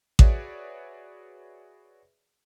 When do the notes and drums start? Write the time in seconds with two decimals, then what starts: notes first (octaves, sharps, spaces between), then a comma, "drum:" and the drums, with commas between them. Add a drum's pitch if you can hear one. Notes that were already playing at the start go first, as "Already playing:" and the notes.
0.19 F#4 G#4 B4 C#5 D5 E5, drum: kick A1